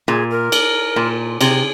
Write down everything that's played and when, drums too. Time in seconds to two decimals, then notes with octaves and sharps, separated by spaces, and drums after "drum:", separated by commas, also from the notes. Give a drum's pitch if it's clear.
0.08 A#2 G#4
0.30 A#4
0.52 drum: cymbal
0.96 A#2
1.41 C3 G#4, drum: cymbal